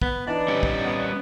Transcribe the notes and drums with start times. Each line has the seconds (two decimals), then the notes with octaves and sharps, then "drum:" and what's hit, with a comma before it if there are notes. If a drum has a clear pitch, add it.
0.02 B3, drum: kick
0.27 E3 D4 D#4 D5
0.48 G3 C#4 G4
0.63 drum: kick
0.85 B3